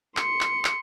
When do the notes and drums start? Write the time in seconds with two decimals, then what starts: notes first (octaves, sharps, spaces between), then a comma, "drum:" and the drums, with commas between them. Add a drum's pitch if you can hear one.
0.17 C6 C#7, drum: clap
0.41 drum: clap
0.65 drum: clap